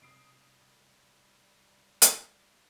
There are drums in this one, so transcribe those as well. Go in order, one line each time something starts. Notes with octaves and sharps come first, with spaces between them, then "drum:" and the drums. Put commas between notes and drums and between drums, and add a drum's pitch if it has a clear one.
C3 G3 D#6 C7 D7
drum: hi-hat